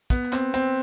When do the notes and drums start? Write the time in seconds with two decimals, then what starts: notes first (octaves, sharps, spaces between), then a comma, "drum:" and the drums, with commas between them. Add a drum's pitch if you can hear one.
0.10 B3, drum: kick, hi-hat
0.33 C4, drum: clap
0.54 C4, drum: hi-hat